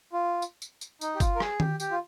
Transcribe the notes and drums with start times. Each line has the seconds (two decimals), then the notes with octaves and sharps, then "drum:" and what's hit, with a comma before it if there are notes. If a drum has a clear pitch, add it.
0.13 F4
0.42 drum: tambourine
0.62 drum: tambourine
0.81 drum: tambourine
1.01 D#4, drum: tambourine
1.15 G4
1.20 F4, drum: kick G1, tambourine
1.35 A#4
1.40 G#4, drum: rim click
1.60 G4, drum: tom D#3
1.80 G4, drum: tambourine
1.91 F4